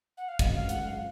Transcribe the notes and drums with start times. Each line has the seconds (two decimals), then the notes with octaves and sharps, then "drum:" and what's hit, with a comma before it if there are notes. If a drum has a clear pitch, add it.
0.17 F#5
0.28 F5
0.39 C#2 C#3 F#3 C4 D#5, drum: kick, hi-hat
0.55 F5
0.69 G#2 F3 G#3 F#5, drum: hi-hat
0.84 F5